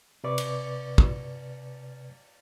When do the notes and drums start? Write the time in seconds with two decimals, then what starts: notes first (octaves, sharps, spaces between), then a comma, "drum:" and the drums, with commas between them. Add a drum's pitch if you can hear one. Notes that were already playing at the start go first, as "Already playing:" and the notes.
0.24 C3 B4 D5 C#6 D6
0.38 drum: cymbal
0.98 drum: kick